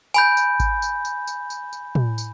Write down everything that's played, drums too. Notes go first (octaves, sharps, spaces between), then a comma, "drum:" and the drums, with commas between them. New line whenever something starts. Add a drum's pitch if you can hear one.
G#5 B5 G6, drum: tambourine
drum: tambourine
drum: kick G#1, tambourine
drum: tambourine
drum: tambourine
drum: tambourine
drum: tambourine
drum: tambourine
drum: tom
drum: tambourine